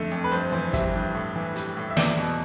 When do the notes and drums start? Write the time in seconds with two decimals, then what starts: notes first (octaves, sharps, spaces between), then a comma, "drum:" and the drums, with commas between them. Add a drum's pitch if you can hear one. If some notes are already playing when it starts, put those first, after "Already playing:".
Already playing: F2 D3 A3
0.11 F2
0.24 B4
0.32 G2 C5
0.52 E3 C5
0.73 G3 E5, drum: kick, hi-hat
0.94 G2
1.14 A2
1.36 E3
1.56 G3, drum: hi-hat
1.77 A2
1.90 E5
1.97 E2 D5, drum: snare
2.18 B2